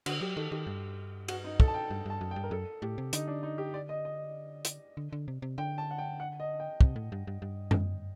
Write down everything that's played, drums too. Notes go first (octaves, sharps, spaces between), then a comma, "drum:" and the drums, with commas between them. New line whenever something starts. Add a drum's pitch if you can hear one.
D3 F#4, drum: cymbal
F#3 G4
D#3 A4
D#3 G4
G2
F#4, drum: cymbal
D#4
A4, drum: kick
A5
G5
G2
G2 A5
F#2
G5
G2
A#4
F#2 A4
A2 G4
C3
D3 D#4, drum: hi-hat
D4
D#4
G4
D5
D#5
D#5
drum: hi-hat
D3
D3
C3
C3
D3 G5
A5
F#5
G5
F#5
D#5
G5
C3, drum: kick
A2
G2
G2
G2
drum: tom F#2